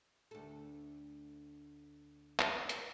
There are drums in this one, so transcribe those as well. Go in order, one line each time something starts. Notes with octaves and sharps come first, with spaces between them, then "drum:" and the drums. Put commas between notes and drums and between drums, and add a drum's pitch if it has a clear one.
D2 A4
drum: clap
drum: hi-hat